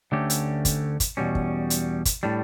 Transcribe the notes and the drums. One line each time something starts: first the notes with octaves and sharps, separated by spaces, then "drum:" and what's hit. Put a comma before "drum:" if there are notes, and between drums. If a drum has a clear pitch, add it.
D2 D3 A3 C#4 G4
drum: hi-hat
drum: kick, hi-hat
drum: kick, hi-hat
E2 B2 G3 C#4
drum: kick
drum: hi-hat
drum: kick, hi-hat
A2 G3 D4